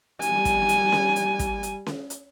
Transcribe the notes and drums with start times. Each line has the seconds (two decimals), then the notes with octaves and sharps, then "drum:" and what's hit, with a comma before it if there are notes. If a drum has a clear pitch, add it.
0.22 G3 G#5, drum: hi-hat
0.45 drum: kick, hi-hat
0.69 drum: hi-hat
0.92 drum: snare C#4
1.16 drum: hi-hat
1.39 drum: kick, hi-hat
1.63 drum: hi-hat
1.86 drum: snare C#4
2.10 drum: hi-hat